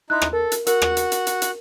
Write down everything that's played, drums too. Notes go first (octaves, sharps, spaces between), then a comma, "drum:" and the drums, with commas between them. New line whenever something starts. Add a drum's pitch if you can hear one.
D#4 E4 C6 F#6
drum: rim click
A4 A#4
drum: hi-hat
F#4 A#4 F#5, drum: hi-hat
drum: rim click
drum: hi-hat
drum: hi-hat
drum: hi-hat
drum: hi-hat